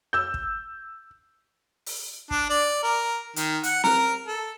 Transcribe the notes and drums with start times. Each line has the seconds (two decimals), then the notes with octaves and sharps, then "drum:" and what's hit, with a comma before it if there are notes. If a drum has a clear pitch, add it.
0.13 E6 G6
0.34 drum: kick
1.86 drum: open hi-hat
2.31 D4, drum: kick
2.50 D5
2.83 A#4
3.36 D#3, drum: hi-hat
3.63 F#5, drum: hi-hat
3.84 A#4, drum: snare C4
4.27 A4